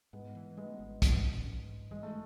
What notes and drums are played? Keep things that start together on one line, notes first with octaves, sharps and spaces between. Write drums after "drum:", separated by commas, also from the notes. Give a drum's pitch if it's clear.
G#2 G#3 B3
E3
G#3 A3 B3
G#1
F#3, drum: kick B1, hi-hat
C#4
G#2
G#2
E3 G#3
A3